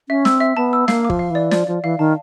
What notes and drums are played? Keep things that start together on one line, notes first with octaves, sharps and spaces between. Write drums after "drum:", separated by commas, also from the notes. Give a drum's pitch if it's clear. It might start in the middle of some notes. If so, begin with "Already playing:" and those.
C#4 E5
C4 E6, drum: snare
E5
B3 A5
E6
A#3 F5, drum: snare
D6
F3, drum: kick
F5
E3 D5
F3 D5, drum: snare
F3 D5
E3 F5
D#3 A5